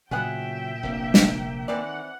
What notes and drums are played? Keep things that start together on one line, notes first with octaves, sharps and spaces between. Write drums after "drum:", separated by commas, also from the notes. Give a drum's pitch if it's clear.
A#2 C#3 F#3 B3 G#4 E5 F#5 G5
F1 A#1 A#3
drum: snare
D#3 E3 C4 D5 F#5